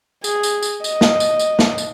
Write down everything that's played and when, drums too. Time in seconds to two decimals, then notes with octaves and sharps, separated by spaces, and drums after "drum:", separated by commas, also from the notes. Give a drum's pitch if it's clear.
0.24 G#4, drum: tambourine
0.43 drum: tambourine
0.63 drum: tambourine
0.84 D#5, drum: tambourine
1.01 drum: snare
1.20 drum: tambourine
1.39 drum: tambourine
1.59 drum: snare
1.78 drum: tambourine